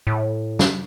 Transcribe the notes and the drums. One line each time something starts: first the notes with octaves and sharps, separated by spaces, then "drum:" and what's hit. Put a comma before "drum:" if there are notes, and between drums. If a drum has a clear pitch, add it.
A2
drum: snare